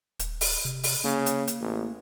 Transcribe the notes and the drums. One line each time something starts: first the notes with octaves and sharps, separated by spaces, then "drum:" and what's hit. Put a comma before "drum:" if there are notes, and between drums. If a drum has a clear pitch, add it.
D#1, drum: hi-hat
drum: open hi-hat
C3
drum: open hi-hat
C#3 A#3
drum: hi-hat
drum: hi-hat
A1